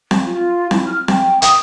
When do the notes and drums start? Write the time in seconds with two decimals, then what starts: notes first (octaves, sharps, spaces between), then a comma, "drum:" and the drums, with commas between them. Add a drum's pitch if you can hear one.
0.11 drum: snare C4
0.24 F4
0.71 E4, drum: snare C4
0.86 F6
1.08 G5, drum: snare C4
1.42 D#6, drum: hi-hat